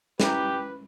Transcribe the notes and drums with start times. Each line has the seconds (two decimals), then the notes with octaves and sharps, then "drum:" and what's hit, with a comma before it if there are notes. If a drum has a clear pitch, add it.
0.20 C#4 E4 G4 B4 A#5, drum: snare